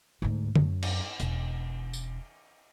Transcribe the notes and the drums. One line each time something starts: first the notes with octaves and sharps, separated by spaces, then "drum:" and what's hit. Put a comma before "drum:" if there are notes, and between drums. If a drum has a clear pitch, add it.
D2 G#2
F#2, drum: tom
drum: cymbal
E1, drum: hi-hat
drum: tambourine